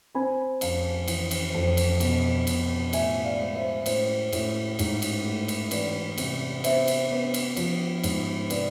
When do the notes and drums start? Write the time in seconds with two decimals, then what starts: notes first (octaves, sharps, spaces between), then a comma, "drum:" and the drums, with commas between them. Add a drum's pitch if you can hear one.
0.15 C4 G#5 B5
0.61 F2 F5 A5, drum: cymbal
1.08 E3, drum: cymbal
1.31 drum: cymbal
1.54 F2
1.77 drum: cymbal
2.00 B2, drum: cymbal
2.47 B2, drum: cymbal
2.93 A2 E5 G#5, drum: cymbal
3.24 D5 F5
3.39 G#3
3.55 C5 E5
3.86 A2 C5, drum: cymbal
4.33 A2, drum: cymbal
4.79 G#2, drum: cymbal
5.02 drum: cymbal
5.25 A3
5.48 drum: cymbal
5.71 E3 B4 D5, drum: cymbal
6.18 C3, drum: cymbal
6.64 B3 C5 E5, drum: cymbal
6.88 drum: cymbal
7.11 B3
7.34 drum: cymbal
7.57 F3, drum: cymbal
8.03 G#2, drum: cymbal
8.50 C3 B4 D5, drum: cymbal